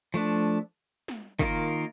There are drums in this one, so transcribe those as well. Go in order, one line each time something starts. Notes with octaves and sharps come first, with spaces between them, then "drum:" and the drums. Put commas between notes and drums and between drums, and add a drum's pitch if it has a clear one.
F3 A3 D4
drum: snare
D#3 A#3 F4 A#4, drum: kick